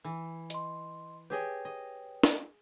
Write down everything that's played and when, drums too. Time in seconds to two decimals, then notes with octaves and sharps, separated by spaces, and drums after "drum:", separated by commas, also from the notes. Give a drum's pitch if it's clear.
0.04 E3
0.50 D#5 C6, drum: hi-hat
1.30 G4 G#4 B4 C#5 D#5 G5
1.65 D#5
2.24 drum: snare